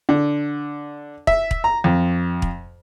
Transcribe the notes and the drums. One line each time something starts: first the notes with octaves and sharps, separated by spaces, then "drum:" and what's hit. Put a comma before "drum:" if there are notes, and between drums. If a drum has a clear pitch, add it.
D3
E5, drum: kick
drum: kick
A#5
F2
drum: kick